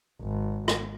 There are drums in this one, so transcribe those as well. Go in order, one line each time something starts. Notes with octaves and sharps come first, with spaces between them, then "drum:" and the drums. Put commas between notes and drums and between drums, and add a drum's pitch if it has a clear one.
G#1
drum: rim click